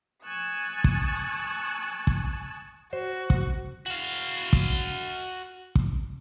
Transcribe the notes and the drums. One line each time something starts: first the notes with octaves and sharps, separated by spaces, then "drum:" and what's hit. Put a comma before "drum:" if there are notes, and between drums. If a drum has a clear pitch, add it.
G#5 A5 C#6 D#6 E6 F#6
drum: kick
drum: kick
F#4 C5
drum: kick
F#4 F5
drum: kick
drum: kick